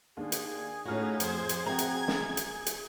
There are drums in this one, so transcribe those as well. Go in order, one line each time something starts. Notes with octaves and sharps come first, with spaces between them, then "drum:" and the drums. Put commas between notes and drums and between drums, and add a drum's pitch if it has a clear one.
D#2 D4 G#4
drum: hi-hat
A2 A3 C#4 D#4 F4 F#4 F6
F2 C5 G#6, drum: hi-hat
drum: hi-hat
C4 F#4 E5 A#5 G6 G#6
drum: hi-hat
drum: snare
G#5
drum: hi-hat
drum: hi-hat